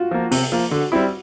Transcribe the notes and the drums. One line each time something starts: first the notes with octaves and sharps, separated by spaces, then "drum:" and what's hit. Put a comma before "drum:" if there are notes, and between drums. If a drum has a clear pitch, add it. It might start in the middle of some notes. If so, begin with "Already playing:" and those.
Already playing: F4 F#4
F3 A#3
C3, drum: open hi-hat
F3 A#3
D3 F#4
G3 C4 E4